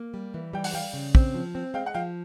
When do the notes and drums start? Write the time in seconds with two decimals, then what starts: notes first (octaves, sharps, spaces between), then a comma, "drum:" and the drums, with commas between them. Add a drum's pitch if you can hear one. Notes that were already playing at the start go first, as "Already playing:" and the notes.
Already playing: A#3
0.14 G3
0.34 E3
0.53 G3 G5
0.64 F#5, drum: open hi-hat
0.74 G3 F5 G5
0.93 C#3
1.15 C4, drum: kick
1.34 F3
1.55 C4
1.74 G#3 F5 G5
1.86 F#5
1.94 F3 F5 G5